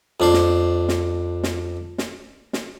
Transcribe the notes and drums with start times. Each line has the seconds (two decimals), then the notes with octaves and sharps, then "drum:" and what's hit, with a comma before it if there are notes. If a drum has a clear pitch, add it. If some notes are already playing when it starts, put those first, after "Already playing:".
0.20 F2 D4 C5
0.34 drum: snare
0.88 drum: snare
1.43 drum: snare
1.98 drum: snare
2.53 drum: snare